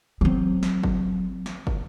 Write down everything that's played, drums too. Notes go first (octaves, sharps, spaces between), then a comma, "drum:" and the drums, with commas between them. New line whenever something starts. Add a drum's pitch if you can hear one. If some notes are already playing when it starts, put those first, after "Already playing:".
F#3 C4
drum: snare
drum: kick
drum: snare
drum: kick